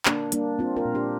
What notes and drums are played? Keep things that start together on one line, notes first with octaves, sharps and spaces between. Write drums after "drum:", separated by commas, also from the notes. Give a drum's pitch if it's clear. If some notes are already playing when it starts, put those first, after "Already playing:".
D3 A#3 D4, drum: clap
G3 A#3 D4, drum: hi-hat
A#3 C4 F4
F4 A#4
A#2
D4 G4